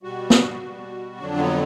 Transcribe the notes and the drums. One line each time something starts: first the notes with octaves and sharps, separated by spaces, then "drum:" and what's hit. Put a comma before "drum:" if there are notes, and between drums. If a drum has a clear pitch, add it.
B2 G3 F#4
drum: snare
B2 G3
F2 D3 F#3 D4
B3